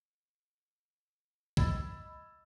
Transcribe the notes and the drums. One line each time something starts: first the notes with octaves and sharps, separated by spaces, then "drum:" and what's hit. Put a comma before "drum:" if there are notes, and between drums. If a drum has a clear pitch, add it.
D#5 B5 E6 G#6 A6, drum: kick